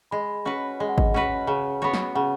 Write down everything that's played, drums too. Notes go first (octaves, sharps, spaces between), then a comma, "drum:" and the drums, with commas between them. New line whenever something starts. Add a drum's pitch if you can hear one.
G#3 B5
C#4 F#4 B4 F#5
G#3 D#5
F#5
D#5, drum: kick G#1
C#4 F#4 B4 F#5
C#3
B3 F#4 C#5
drum: snare
C#3 F#5